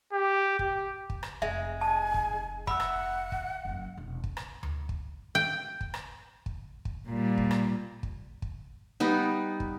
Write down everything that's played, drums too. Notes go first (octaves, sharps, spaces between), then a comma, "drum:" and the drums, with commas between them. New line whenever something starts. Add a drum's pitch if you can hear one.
G4
G4, drum: kick
drum: kick
drum: rim click
F1 G#3 E5
G#5 A5
drum: kick
E5 F#5 B5 E6, drum: kick
drum: rim click
drum: kick
F#1 F#2
E1 C3
drum: kick
drum: rim click
drum: tom D2
drum: kick
G5
drum: kick
drum: rim click
drum: kick
drum: kick
A#2 G3
drum: kick
drum: rim click
drum: kick
drum: kick
G3 B3 D#4
drum: kick